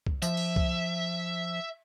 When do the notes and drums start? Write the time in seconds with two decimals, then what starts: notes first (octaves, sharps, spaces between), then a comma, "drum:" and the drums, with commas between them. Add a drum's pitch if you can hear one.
0.07 drum: kick C2
0.22 F3 E5, drum: tambourine
0.37 drum: cymbal
0.56 drum: kick C2